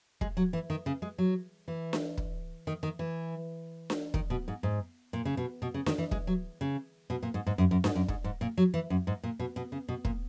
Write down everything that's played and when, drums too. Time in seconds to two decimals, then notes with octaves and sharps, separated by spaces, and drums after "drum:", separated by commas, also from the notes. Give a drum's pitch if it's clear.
0.21 G#3, drum: kick
0.37 F#3
0.53 E3
0.70 D#3
0.86 C#3
1.02 G#3
1.18 F#3
1.68 E3
1.93 drum: snare D4
2.17 drum: kick
2.67 D#3
2.83 D#3
2.99 E3
3.90 drum: snare D4
4.14 D#3, drum: kick
4.30 B2
4.48 G#2
4.63 G#2
5.13 A#2
5.25 C#3
5.37 B2
5.62 B2
5.74 C#3
5.86 D#3, drum: snare D4
5.98 E3
6.11 G#3, drum: kick
6.27 F#3
6.61 C#3
7.10 B2
7.23 A#2
7.34 G#2
7.46 G#2
7.58 F#2
7.71 F#2
7.84 G#2, drum: snare D4
7.95 F#2
8.08 G#2, drum: kick
8.24 G#2
8.41 A#2
8.57 F#3
8.74 E3
8.90 F#2
9.07 G#2
9.23 A#2
9.39 B2
9.56 B2
9.72 C#3
9.88 B2
10.05 A#2, drum: kick